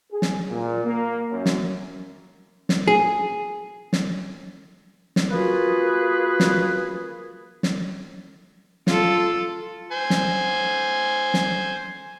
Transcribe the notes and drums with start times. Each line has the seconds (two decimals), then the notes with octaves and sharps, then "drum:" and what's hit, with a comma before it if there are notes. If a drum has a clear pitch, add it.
0.12 G#4
0.22 drum: snare
0.50 A#2
0.85 A#3
1.31 F#2
1.46 drum: snare
2.69 drum: snare
2.88 G#4
3.93 drum: snare
5.16 drum: snare
5.32 A#3 F4 F#4 G#4 B4
6.40 drum: snare
7.63 drum: snare
8.87 F4 A4, drum: snare
9.92 C5 G#5
10.10 drum: snare
11.34 drum: snare